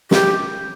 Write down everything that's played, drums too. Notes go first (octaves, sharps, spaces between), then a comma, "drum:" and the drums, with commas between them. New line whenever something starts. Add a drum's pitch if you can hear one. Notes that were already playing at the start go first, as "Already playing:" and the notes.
G4, drum: snare